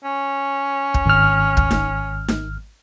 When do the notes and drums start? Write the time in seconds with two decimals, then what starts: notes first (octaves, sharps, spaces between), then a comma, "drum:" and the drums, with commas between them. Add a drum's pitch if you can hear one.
0.04 C#4
0.94 drum: kick
1.06 G#1 F6
1.57 drum: kick
1.71 drum: snare D#4
2.28 drum: snare D#4